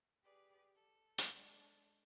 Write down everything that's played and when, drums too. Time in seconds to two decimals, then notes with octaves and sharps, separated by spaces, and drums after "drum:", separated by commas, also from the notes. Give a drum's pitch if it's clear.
0.23 G4 G#4 B4 D5
0.74 A4
1.18 drum: hi-hat
1.31 G#3 D4 A4